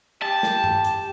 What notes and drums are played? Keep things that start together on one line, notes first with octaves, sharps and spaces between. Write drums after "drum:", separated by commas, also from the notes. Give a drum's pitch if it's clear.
G4 A5
drum: snare
drum: tom G2
drum: hi-hat